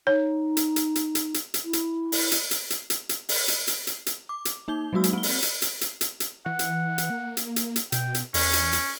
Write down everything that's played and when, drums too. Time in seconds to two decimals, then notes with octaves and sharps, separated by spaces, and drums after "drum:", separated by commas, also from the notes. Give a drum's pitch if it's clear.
0.07 D#4 C#5
0.57 drum: hi-hat
0.76 drum: hi-hat
0.95 drum: hi-hat
1.15 drum: hi-hat
1.34 drum: hi-hat
1.54 drum: hi-hat
1.64 E4
1.73 drum: hi-hat
2.12 drum: open hi-hat
2.32 drum: hi-hat
2.51 drum: hi-hat
2.70 drum: hi-hat
2.90 drum: hi-hat
3.09 drum: hi-hat
3.29 drum: open hi-hat
3.48 drum: hi-hat
3.68 drum: hi-hat
3.87 drum: hi-hat
4.06 drum: hi-hat
4.29 D6
4.45 drum: hi-hat
4.68 A#3 D#4 G6 G7
4.93 F#3 G#3 A#3 F#4 E6
5.04 drum: hi-hat
5.13 C4 G7
5.23 drum: open hi-hat
5.42 drum: hi-hat
5.62 drum: hi-hat
5.81 drum: hi-hat
6.01 drum: hi-hat
6.20 drum: hi-hat
6.46 E3 F#5
6.59 drum: hi-hat
6.98 drum: hi-hat
7.10 A#3
7.37 drum: hi-hat
7.56 drum: hi-hat
7.76 drum: hi-hat
7.92 B2 G5, drum: hi-hat
8.14 drum: hi-hat
8.34 E2 C#4, drum: open hi-hat
8.53 drum: hi-hat
8.73 drum: hi-hat